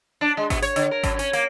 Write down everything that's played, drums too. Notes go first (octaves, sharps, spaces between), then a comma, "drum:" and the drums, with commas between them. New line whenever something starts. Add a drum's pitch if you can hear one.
D4
G#3
B2, drum: kick G#1, hi-hat
C#5, drum: hi-hat
D3, drum: hi-hat
A#4
F#2, drum: kick G#1, hi-hat
C#4, drum: hi-hat
A#3, drum: hi-hat